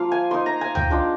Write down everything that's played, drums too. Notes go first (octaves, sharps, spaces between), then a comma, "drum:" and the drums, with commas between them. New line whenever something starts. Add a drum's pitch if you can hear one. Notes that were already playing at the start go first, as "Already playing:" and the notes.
Already playing: F3 A#3 F4 F5
G#5
A#3 D#4 C6
A#5
G#5
G5, drum: tom
G#3 D4 F4